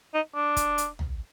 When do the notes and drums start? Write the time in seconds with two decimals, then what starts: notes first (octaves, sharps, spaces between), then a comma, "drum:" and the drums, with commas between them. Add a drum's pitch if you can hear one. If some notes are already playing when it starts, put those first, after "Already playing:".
0.14 D#4
0.35 D4
0.57 drum: kick, hi-hat
0.78 drum: hi-hat
0.99 drum: tom